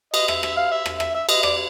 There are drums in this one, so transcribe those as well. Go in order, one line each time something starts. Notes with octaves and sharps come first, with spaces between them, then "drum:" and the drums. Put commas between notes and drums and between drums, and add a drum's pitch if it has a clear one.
D#5, drum: cymbal
E5, drum: rim click
E5, drum: rim click
F5
E5
drum: rim click
E5, drum: rim click
E5
D#5, drum: cymbal
D5, drum: rim click